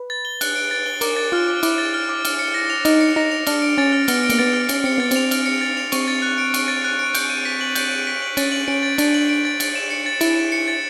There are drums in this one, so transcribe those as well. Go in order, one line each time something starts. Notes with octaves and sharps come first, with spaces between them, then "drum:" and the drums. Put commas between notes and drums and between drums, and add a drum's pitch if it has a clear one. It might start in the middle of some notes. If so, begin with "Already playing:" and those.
Already playing: B4
A6
G7
F#6, drum: cymbal
D7
A6
G7
A#4 D6, drum: cymbal
A6
F4 F6
D6
E4 D6, drum: cymbal
A6
F6
D6
F6, drum: cymbal
C#7
A#6
F7
D#4 F6, drum: cymbal
C#7
D#4 A#6
F7
D4 F6, drum: cymbal
D7
C#4 A6
F6
B3 F6, drum: cymbal
D7
A#3, drum: cymbal
B3 A6
F6
C#4 F6, drum: cymbal
C4 C#7
B3 A6
C4 F7, drum: cymbal
F6, drum: cymbal
C#7
A6
F7
C4 C#6, drum: cymbal
A6
F#6
D7
C#6, drum: cymbal
A6
F#6
D7
G6, drum: cymbal
D#7
B6
F#7
G6, drum: cymbal
D#7
B6
F#7
C#4 A6, drum: cymbal
F#7
C#4 D7
A6
D4 A6, drum: cymbal
F#7
D7
A6
A6, drum: cymbal
E7
C#7
A6
E4 A6, drum: cymbal
E7
C#7
A6